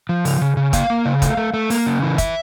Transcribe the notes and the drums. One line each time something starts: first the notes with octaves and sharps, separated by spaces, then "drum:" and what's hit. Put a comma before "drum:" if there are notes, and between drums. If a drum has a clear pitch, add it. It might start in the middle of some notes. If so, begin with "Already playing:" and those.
F3
C#3, drum: open hi-hat
C#3
C#3
A#3 F5, drum: kick, hi-hat
A#3
C#3
A3, drum: kick, hi-hat
A3
A3
A#3, drum: open hi-hat
C#3
E3
E5, drum: kick, hi-hat